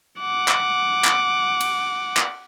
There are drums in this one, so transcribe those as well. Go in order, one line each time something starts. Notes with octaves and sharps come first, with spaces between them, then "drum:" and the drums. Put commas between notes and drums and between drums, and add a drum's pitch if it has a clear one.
F#5 D6
drum: clap
drum: clap
drum: cymbal
drum: clap